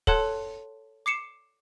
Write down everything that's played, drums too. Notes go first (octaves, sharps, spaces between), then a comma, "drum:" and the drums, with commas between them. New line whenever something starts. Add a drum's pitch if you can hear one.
A4 C#5 F#5 A5 C6 F#6, drum: kick
D6 C7 C#7 E7